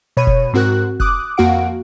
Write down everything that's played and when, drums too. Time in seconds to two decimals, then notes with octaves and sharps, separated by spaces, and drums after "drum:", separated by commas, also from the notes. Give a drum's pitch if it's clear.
0.17 B2 C#5 B5 D#7
0.27 drum: kick F1
0.53 G#2 C4 F#4 A#4 F#6
1.00 D6 D#6 F#6, drum: kick F1
1.37 F2 A#3 F#4 F5 F#5 D7